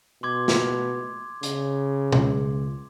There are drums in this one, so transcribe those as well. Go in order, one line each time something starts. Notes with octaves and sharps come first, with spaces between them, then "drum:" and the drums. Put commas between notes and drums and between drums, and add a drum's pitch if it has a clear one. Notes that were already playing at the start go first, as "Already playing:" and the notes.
B2 C6 D6 G#6
drum: snare
C#3, drum: hi-hat
C#2, drum: tom B2